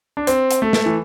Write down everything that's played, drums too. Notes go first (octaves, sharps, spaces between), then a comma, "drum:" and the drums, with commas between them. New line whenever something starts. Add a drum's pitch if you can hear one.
D4
C4, drum: hi-hat
drum: hi-hat
A3
drum: snare
E3